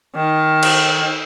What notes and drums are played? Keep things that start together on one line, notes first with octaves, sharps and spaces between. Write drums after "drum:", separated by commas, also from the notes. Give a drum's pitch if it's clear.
D#3
drum: cymbal